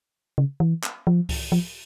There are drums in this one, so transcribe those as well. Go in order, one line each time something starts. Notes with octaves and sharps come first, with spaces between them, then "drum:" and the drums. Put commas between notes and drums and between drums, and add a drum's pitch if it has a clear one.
C#3
E3
drum: clap
F3
drum: kick C2, open hi-hat
F3